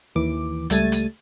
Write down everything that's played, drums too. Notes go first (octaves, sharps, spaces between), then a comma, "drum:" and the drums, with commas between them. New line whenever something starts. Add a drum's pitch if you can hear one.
D#2 E3 D6
C#2 G3 A3 G#6 A6 D#7, drum: hi-hat
drum: hi-hat